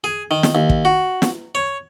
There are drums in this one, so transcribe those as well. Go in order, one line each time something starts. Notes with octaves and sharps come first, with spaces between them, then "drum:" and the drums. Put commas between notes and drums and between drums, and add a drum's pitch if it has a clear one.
G#4
D#3
drum: snare
D#2
drum: kick
F#4
drum: snare
C#5